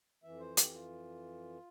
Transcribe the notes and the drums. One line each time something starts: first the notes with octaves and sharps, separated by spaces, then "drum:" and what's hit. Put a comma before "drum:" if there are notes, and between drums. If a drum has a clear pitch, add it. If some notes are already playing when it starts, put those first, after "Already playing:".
F2 E3 E5
C5
G4, drum: hi-hat
F4